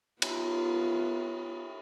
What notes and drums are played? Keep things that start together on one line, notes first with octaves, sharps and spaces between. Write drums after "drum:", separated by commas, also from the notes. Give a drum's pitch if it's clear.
B3 F4, drum: cymbal